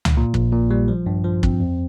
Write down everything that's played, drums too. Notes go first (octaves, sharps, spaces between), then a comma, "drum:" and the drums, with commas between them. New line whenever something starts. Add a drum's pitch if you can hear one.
drum: tom C#2
A#2
A#1, drum: kick
A#2
G3
F3
G2
F3
C4, drum: kick
F2